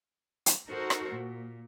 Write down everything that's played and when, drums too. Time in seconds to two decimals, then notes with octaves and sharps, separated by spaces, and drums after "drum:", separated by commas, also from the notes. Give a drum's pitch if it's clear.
0.46 drum: hi-hat
0.68 D#4 F#4 A4 A#4 C5
0.90 drum: rim click
1.12 A#2